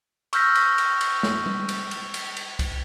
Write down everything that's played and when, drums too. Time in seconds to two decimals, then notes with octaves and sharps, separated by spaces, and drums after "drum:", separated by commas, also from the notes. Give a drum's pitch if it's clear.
0.33 C#6 E6 F6 G6 A#6 B6, drum: cymbal
0.55 drum: cymbal
0.78 drum: cymbal
1.01 drum: cymbal
1.23 drum: snare
1.46 drum: tom G3
1.69 drum: cymbal
1.91 drum: cymbal
2.14 drum: cymbal
2.37 drum: cymbal
2.59 drum: kick C2, cymbal